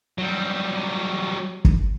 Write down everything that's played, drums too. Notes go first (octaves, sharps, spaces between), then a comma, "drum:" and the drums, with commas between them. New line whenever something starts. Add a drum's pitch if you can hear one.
F#3 G3
drum: kick